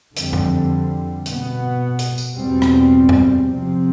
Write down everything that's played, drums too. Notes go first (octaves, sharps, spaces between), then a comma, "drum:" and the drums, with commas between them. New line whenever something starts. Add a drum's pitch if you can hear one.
F2 D3 G3 C4, drum: hi-hat
drum: tom F#2
B2 B3, drum: hi-hat
drum: hi-hat
drum: tambourine
E2 B2 G3 C4
drum: rim click
drum: tom F#2
C3 F3 C4